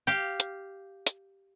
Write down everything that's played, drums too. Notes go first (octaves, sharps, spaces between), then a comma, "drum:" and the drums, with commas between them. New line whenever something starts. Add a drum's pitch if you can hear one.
G4 F5
drum: hi-hat
drum: hi-hat